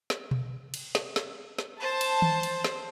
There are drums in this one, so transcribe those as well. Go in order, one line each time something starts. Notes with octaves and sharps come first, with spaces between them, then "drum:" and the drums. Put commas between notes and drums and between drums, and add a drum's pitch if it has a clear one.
drum: snare
drum: tom B2
drum: cymbal
drum: snare
drum: snare
drum: snare
C5 A5
drum: cymbal
drum: tom D#3
drum: cymbal
drum: snare